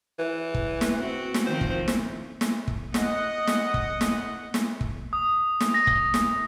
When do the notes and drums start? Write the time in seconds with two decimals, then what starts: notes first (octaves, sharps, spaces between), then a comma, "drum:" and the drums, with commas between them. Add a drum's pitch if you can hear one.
0.19 E3
0.54 drum: kick
0.81 drum: snare
0.97 C4 F#4
1.34 drum: snare
1.46 D#3 F3 C4 C5
1.61 drum: kick
1.88 drum: snare
2.41 drum: snare
2.68 drum: kick
2.94 D#5 F#5, drum: snare
3.47 drum: snare
3.74 drum: kick
4.01 drum: snare
4.54 drum: snare
4.81 drum: kick
5.13 D#6
5.60 drum: snare
5.74 A#6
5.87 drum: kick
6.14 drum: snare